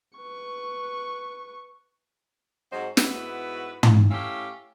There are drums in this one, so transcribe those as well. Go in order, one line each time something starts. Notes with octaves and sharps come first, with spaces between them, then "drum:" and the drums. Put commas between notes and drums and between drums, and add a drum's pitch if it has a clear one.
B4 C#6
G#2 F#3 C4 F#4 C5 D#5
G#2 B3 E4 F#4 B4, drum: snare
drum: tom
A3 C#4 E4 G4 C#5 F5